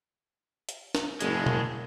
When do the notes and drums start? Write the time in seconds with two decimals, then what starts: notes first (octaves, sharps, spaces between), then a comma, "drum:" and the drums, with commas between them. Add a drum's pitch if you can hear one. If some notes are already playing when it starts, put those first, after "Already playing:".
0.69 drum: hi-hat
0.95 drum: snare
1.21 F#1 A2 G#3, drum: hi-hat
1.46 drum: tom B2